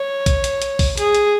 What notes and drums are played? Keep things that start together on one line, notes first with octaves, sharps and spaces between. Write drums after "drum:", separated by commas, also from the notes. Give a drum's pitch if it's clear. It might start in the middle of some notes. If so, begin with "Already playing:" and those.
Already playing: C#5
drum: kick B1, hi-hat
drum: hi-hat
drum: hi-hat
drum: kick B1, open hi-hat
G#4, drum: hi-hat
drum: hi-hat